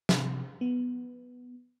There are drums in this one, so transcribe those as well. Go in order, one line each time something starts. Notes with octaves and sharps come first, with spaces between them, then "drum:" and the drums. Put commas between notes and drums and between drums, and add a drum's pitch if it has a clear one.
C3, drum: snare
B3